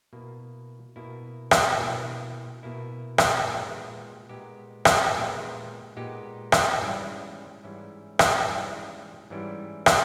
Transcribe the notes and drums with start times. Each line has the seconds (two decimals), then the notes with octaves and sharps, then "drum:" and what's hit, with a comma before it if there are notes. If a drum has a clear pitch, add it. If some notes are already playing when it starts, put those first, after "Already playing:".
0.13 B2 A#3 E4
0.96 B2 A#3 E4
1.51 drum: rim click
1.79 B2 A#3 E4
2.63 B2 A#3 E4
3.18 drum: rim click
3.46 A#2 G#3 B3 D#4 G4
4.29 A#2 G#3 B3 D#4 G4
4.85 drum: rim click
5.13 A#2 G#3 B3 D#4 G4
5.96 A#2 G#3 B3 D#4 G4
6.52 drum: rim click
6.80 G#2 E3 G3 C#4 E4
7.63 G#2 E3 G3 C#4 E4
8.19 drum: rim click
8.47 G#2 E3 G3 C#4 E4
9.30 G#2 E3 G3 C#4 E4
9.86 drum: rim click